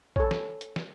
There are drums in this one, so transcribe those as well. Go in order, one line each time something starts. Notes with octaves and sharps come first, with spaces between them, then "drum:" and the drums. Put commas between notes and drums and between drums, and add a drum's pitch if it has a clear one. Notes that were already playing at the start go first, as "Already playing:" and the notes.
A4 C#5, drum: kick
drum: snare
drum: hi-hat
drum: snare